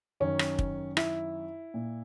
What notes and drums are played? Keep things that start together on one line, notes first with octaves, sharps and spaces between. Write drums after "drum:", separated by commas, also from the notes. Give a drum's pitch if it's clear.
F#2 D#3 C#4
drum: rim click
drum: kick
E4, drum: rim click
A#2